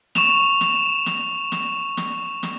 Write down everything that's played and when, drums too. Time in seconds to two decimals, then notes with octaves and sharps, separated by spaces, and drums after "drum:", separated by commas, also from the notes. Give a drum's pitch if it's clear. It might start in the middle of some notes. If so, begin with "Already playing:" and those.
0.15 C#6 E7 F7, drum: snare
0.61 drum: snare
1.06 drum: snare
1.52 drum: snare
1.97 drum: snare
2.43 drum: snare